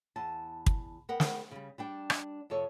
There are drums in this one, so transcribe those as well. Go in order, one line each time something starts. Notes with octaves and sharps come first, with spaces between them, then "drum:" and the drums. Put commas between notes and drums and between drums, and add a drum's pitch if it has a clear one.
E2 A5
drum: kick
B3 A#4 F#5 G5
drum: snare
C#3 G3
G3 D4 G5
drum: rim click
F2 C3 A4 C#5